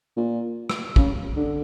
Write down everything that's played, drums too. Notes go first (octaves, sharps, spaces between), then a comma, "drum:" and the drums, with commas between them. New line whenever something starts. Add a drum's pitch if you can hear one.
A#2
drum: rim click
C#3, drum: kick
D3